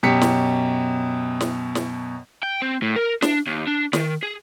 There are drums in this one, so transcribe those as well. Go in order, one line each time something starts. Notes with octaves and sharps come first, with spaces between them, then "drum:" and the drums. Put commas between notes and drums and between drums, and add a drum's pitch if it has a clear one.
F#2 B2 G4 B6 C#7
drum: snare
drum: snare
drum: snare
G5
C4
A2
A#4
D4, drum: snare
D#2
D4
D#3, drum: snare
G#4